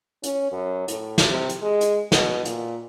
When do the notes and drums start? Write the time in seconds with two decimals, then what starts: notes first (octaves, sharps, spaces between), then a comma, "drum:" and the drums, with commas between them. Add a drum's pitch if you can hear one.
0.23 C#4, drum: hi-hat
0.52 F#2
0.88 A2, drum: hi-hat
1.18 drum: snare
1.28 C3
1.49 drum: hi-hat
1.62 G#3
1.81 drum: hi-hat
2.12 B2, drum: snare
2.45 A#2, drum: hi-hat